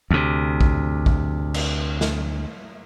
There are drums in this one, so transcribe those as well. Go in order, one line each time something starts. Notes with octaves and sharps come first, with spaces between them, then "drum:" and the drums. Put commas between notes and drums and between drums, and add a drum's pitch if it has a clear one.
D2 C3
drum: kick A#1
drum: kick A#1
drum: cymbal
drum: snare